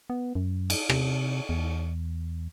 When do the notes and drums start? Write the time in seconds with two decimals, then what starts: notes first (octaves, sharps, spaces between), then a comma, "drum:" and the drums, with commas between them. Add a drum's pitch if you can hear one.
0.10 B3
0.35 F#2
0.70 drum: cymbal
0.90 C3, drum: rim click
1.49 E2